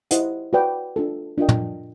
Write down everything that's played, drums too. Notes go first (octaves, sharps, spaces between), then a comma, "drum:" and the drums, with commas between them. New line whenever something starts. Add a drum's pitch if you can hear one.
E4 G4 C5 D#5 F#5, drum: hi-hat
F#4 B4 D5 G5
D4 F4 A4
D4 F4 A#4 D#5 G5
drum: tom